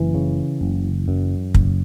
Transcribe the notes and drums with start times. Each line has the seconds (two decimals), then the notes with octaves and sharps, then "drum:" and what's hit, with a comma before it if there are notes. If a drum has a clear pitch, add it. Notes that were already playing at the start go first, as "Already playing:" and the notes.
Already playing: F#1 E3
0.14 C#3
0.61 F#1
1.08 F#2
1.54 F#1, drum: kick